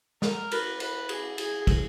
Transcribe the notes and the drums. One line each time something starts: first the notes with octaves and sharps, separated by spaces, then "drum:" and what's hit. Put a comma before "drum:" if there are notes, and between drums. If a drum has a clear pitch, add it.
A#4, drum: snare
B4, drum: cymbal
B4, drum: cymbal
G#4, drum: cymbal
G#4, drum: cymbal
drum: kick, cymbal